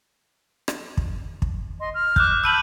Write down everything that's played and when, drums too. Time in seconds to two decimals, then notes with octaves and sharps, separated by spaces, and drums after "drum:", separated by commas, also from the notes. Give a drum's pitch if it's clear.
0.68 drum: rim click
0.97 drum: kick
1.42 drum: kick
1.80 D#5 C6
1.93 F6
2.16 D6 F#6 G6, drum: kick
2.44 A5 B5 E6 G6 D#7 F#7